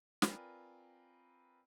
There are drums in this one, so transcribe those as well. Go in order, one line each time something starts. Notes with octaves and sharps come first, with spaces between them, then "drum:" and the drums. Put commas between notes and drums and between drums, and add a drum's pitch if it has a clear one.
C4 F4 A#4 B4 D5 G#5, drum: snare